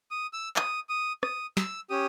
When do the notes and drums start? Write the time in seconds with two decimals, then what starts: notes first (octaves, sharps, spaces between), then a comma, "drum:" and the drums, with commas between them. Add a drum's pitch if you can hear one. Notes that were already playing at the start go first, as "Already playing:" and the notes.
0.11 D#6
0.33 E6
0.56 D#6, drum: clap
0.89 D#6
1.23 D#6, drum: rim click
1.57 E6, drum: snare
1.90 C#4 G4 D#6